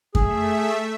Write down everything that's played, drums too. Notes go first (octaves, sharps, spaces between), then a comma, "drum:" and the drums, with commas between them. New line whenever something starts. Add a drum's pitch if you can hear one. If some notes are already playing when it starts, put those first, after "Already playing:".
A3 G#4 E5, drum: kick F#2